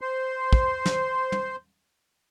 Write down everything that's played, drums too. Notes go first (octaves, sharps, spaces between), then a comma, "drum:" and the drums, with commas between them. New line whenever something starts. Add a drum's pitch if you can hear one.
C5 C6
drum: kick
drum: snare
drum: tom